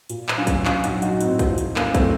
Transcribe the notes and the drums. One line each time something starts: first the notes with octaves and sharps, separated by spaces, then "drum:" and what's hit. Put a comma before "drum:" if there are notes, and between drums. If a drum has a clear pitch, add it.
A#2, drum: hi-hat
drum: clap
F#3 C#4 F4
drum: kick, hi-hat
A#2 C#4 F4, drum: clap
D#4 F#4, drum: hi-hat
F#3
D#4 F#4, drum: hi-hat
A2 C4 D#4, drum: hi-hat
drum: kick, hi-hat
F3
drum: hi-hat
A2 A#3 C#4, drum: clap
A3 C4, drum: kick, hi-hat